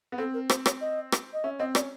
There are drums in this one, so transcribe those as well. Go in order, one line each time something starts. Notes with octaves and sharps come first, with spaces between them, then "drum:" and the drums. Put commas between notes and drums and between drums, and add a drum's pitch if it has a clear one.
B3
C4 A4
A#4
C5, drum: rim click
C#5, drum: rim click
D#5
drum: rim click
D#5
C#4 E5
C4 D#5
C#4 D5, drum: rim click